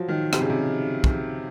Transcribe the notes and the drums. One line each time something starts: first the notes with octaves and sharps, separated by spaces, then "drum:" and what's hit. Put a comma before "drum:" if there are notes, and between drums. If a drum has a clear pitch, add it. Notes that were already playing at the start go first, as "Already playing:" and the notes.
Already playing: F3 F#3
D#3
C3, drum: rim click
C#3
C3
drum: kick